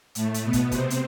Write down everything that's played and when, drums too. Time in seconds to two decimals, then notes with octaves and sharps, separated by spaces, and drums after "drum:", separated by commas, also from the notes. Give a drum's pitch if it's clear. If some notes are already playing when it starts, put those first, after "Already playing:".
0.15 A2 A3, drum: hi-hat
0.34 drum: hi-hat
0.44 B2 B3
0.53 drum: kick, hi-hat
0.72 C3 C4, drum: kick, hi-hat
0.90 drum: hi-hat